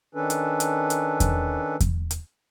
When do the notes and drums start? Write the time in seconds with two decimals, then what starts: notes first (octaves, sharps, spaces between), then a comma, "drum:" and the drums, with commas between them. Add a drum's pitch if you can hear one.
0.15 D#3 C#4 D4 A4 B4
0.30 drum: hi-hat
0.60 drum: hi-hat
0.90 drum: hi-hat
1.20 drum: kick E2, hi-hat
1.80 drum: kick E2, hi-hat
2.11 drum: hi-hat